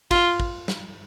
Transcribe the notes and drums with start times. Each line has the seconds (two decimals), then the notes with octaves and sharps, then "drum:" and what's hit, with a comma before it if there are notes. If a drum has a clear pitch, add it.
0.11 F4, drum: kick, cymbal
0.40 drum: kick
0.68 drum: snare